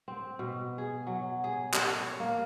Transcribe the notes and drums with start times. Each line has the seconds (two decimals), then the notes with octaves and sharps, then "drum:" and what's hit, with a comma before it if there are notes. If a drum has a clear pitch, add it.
0.08 C4
0.39 B2
0.78 G#4
1.07 F#3
1.44 G#4
1.74 G4, drum: clap
1.99 C#5
2.20 A#3